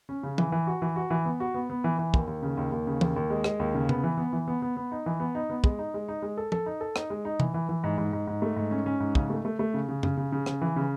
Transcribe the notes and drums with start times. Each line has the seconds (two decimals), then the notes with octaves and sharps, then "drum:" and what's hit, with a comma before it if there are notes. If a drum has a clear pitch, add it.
0.09 C#4
0.23 C#3
0.38 E3, drum: tom
0.52 E3
0.67 F#4
0.82 E3
0.96 F#4
1.10 E3
1.25 B3
1.40 F#4
1.54 B3
1.70 B3
1.84 E3
1.99 E3
2.14 D#2, drum: kick
2.27 D#2
2.43 C#3
2.57 D#2
2.72 D#2
2.87 C#3
3.01 D#2, drum: tom
3.16 D#2
3.30 G#3
3.44 G#3, drum: rim click
3.60 D#2
3.75 C#3
3.89 B3, drum: tom C3
4.04 E3
4.18 B3
4.33 E3
4.48 B3
4.62 B3
4.77 B3
4.92 D#4
5.06 E3
5.20 B3
5.35 D#4
5.50 B3
5.64 G#3, drum: kick
5.79 D#4
5.94 G#3
6.08 D#4
6.22 G#3
6.37 A4
6.52 A4, drum: tom
6.66 D#4
6.81 A4
6.96 D#4, drum: rim click
7.10 G#3
7.25 D#4
7.40 E3, drum: tom C3
7.54 E3
7.69 E3
7.84 G#2
7.98 G#2
8.13 G#2
8.27 G#2
8.42 A3
8.56 G#2
8.71 C#4
8.86 C#4
9.00 G#2
9.15 C#3, drum: kick
9.30 A3
9.45 A3
9.59 A3
9.74 C#3
9.89 C#3
10.03 C#3, drum: tom F#2
10.17 C#3
10.32 C#3
10.46 C#3, drum: rim click
10.61 E3
10.76 C#3